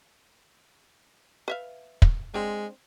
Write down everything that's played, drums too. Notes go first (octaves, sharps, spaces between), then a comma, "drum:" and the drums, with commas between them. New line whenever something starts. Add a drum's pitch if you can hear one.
B4 E5 F5
drum: kick
G#3 C4 D4